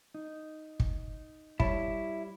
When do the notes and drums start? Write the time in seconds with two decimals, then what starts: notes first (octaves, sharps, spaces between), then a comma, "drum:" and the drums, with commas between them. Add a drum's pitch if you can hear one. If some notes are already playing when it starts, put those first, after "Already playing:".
0.15 D#4
0.80 drum: kick
1.60 G3 E4 C#5 A5, drum: kick